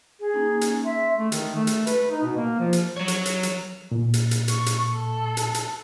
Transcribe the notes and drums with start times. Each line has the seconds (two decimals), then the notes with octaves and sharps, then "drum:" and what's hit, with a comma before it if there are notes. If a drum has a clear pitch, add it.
0.20 G#4
0.34 A#3 C#4 D#4
0.61 drum: hi-hat
0.85 E5 C6 E6
1.17 A3
1.32 D#3, drum: hi-hat
1.55 A3
1.67 drum: hi-hat
1.87 B4, drum: hi-hat
2.11 D#4
2.23 B2
2.37 A#3
2.59 F3
2.73 drum: hi-hat
2.98 F#3 C#5
3.08 drum: hi-hat
3.26 drum: hi-hat
3.43 drum: hi-hat
3.91 A#2
4.14 drum: hi-hat
4.31 drum: hi-hat
4.48 C#6, drum: hi-hat
4.66 drum: hi-hat
4.91 A4
5.37 drum: hi-hat
5.54 drum: hi-hat